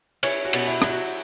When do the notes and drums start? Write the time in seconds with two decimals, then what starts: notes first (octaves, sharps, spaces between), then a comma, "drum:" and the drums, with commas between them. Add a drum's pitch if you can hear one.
0.23 C#4 E4, drum: cymbal
0.45 F#4
0.53 B2, drum: cymbal
0.67 E4
0.82 F#3, drum: rim click
0.90 F#4